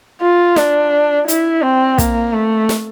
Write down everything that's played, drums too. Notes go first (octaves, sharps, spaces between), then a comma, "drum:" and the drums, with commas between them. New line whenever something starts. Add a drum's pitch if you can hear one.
F4
D4, drum: snare
E4, drum: hi-hat
C4
A#3, drum: kick, hi-hat
A3
drum: snare